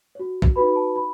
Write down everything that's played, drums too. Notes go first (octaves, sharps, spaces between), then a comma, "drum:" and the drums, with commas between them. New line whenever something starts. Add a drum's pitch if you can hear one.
F#4 C#5
drum: kick
D#4 F#4 B4 B5
B5
A5
E4 B5